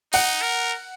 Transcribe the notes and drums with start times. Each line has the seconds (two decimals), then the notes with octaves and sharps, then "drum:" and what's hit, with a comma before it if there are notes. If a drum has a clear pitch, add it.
0.13 D#4 F#5, drum: open hi-hat
0.42 A#4